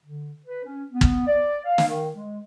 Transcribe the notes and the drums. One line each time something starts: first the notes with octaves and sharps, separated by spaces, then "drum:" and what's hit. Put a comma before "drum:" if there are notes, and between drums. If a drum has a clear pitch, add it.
D3
B4
C#4
B3
drum: kick
D5
F5
drum: snare
D#3
G#3